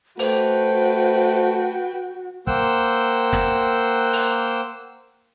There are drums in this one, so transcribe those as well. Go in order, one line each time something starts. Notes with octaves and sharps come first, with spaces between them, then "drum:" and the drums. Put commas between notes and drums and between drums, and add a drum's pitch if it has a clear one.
A3 F#4 B4 C5 G5, drum: open hi-hat
A#3 C5 F#5 G5 E6, drum: kick
drum: snare
drum: open hi-hat